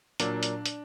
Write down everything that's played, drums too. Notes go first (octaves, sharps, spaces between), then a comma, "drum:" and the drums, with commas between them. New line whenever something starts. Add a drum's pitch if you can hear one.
A#2 F#3 A#3 D4, drum: hi-hat
drum: hi-hat
drum: hi-hat